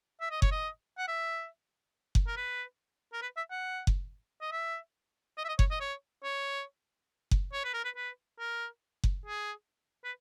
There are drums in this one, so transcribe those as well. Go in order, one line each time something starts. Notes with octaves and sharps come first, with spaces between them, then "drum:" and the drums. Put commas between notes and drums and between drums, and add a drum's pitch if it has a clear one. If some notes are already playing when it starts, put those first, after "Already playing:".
E5
D#5
C#5, drum: kick F#1
D#5
F#5
E5
drum: kick F#1
A#4
B4
A#4
B4
E5
F#5
drum: kick F#1
D#5
E5
D#5
E5
D#5
C#5, drum: kick F#1
D#5
C#5
C#5
drum: kick F#1
C#5
B4
A#4
B4
B4
A#4
drum: kick F#1
G#4
B4